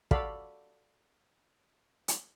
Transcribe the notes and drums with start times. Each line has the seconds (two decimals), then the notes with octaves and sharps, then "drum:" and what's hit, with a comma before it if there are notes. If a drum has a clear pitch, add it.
0.11 F#4 A4 D5 F5 B5, drum: kick
2.08 drum: hi-hat